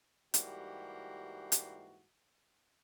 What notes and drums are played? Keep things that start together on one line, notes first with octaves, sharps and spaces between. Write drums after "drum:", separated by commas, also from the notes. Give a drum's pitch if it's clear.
G#2 E3 G3 A#3 F#4 G4, drum: hi-hat
drum: hi-hat